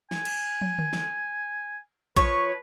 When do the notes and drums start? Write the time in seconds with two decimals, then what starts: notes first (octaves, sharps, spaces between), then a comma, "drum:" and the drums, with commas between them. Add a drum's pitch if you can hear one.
0.11 G#5, drum: snare
0.25 drum: cymbal
0.61 drum: tom
0.78 drum: tom D3
0.93 drum: snare
2.16 F3 B4 C#5, drum: kick A#1